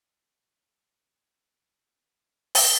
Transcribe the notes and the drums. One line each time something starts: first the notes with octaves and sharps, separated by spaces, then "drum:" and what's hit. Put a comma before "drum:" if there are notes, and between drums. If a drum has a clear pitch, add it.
B2 A#4
F#4
F4
F4
F4
G#2 C#4
F2 G#4
F#2 F#4
G#4
B2
drum: open hi-hat